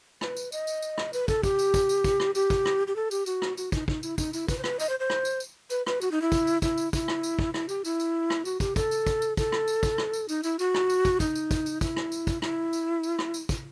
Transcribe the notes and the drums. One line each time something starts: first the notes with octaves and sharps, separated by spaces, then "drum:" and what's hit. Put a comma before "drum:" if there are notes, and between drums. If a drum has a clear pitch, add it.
B4, drum: rim click
drum: tambourine
D#5, drum: tambourine
drum: tambourine
drum: tambourine
drum: rim click
B4, drum: tambourine
A4, drum: kick, tambourine
G4, drum: kick, tambourine
drum: tambourine
drum: kick, tambourine
drum: tambourine
drum: kick, tambourine
drum: rim click
G4, drum: tambourine
drum: kick, tambourine
drum: rim click
G4
A4
G4, drum: tambourine
F#4, drum: tambourine
drum: rim click
F#4, drum: tambourine
D#4, drum: kick, tambourine
D#4, drum: kick
E4, drum: tambourine
D#4, drum: kick, tambourine
E4, drum: tambourine
B4, drum: kick, tambourine
C5
B4, drum: rim click
D#5, drum: tambourine
C5
C5
drum: rim click
drum: tambourine
drum: tambourine
B4, drum: tambourine
B4, drum: rim click
F#4, drum: tambourine
D#4
E4
drum: kick, tambourine
drum: tambourine
E4, drum: kick, tambourine
drum: tambourine
E4, drum: kick, tambourine
drum: rim click
drum: tambourine
drum: kick
E4, drum: rim click
G4, drum: tambourine
E4, drum: tambourine
drum: tambourine
drum: rim click
F#4, drum: tambourine
G4, drum: kick, tambourine
A4, drum: kick, tambourine
drum: tambourine
drum: kick, tambourine
drum: tambourine
A4, drum: kick, tambourine
drum: rim click
drum: tambourine
drum: kick, tambourine
drum: rim click
drum: tambourine
D#4, drum: tambourine
E4, drum: tambourine
F#4, drum: tambourine
drum: rim click
drum: tambourine
drum: kick, tambourine
D#4, drum: kick, tambourine
drum: tambourine
drum: kick, tambourine
drum: tambourine
E4, drum: kick, tambourine
drum: rim click
drum: tambourine
drum: kick, tambourine
E4, drum: rim click
drum: tambourine
drum: tambourine
drum: rim click
drum: tambourine
drum: kick, tambourine